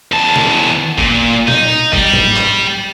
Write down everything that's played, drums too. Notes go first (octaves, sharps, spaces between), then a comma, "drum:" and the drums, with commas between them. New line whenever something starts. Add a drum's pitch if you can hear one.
E2 A5
drum: snare
A#2, drum: kick
D#4, drum: tom A#2
G3, drum: kick
drum: tom G#2
drum: clap